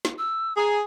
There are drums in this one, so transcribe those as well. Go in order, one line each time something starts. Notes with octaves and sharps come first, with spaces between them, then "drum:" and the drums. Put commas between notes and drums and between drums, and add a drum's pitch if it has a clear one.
drum: snare
E6
G#4 A#5